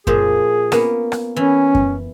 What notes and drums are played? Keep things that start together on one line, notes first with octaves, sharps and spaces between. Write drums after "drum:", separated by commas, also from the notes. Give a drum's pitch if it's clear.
A#2 F3 G#4 C5, drum: kick F#2
A#3 B3 C#4, drum: rim click
drum: rim click
E3 C#4
drum: kick F#2